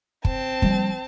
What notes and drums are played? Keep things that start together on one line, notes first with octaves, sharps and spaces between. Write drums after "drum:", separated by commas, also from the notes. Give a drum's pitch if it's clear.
C4 A5, drum: kick
F3 G3 A#3, drum: kick